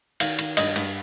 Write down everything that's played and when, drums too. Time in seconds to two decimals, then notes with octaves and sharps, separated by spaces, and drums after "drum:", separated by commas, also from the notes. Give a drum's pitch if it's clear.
0.20 D#3 F5, drum: cymbal
0.39 D#3, drum: cymbal
0.57 G2 D#5, drum: cymbal
0.76 G2, drum: cymbal